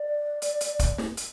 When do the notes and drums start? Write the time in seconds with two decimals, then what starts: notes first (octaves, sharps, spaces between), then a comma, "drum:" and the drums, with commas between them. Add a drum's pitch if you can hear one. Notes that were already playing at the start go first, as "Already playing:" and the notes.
Already playing: D5
0.42 drum: hi-hat
0.61 drum: hi-hat
0.79 drum: kick, hi-hat
0.98 drum: snare
1.17 drum: hi-hat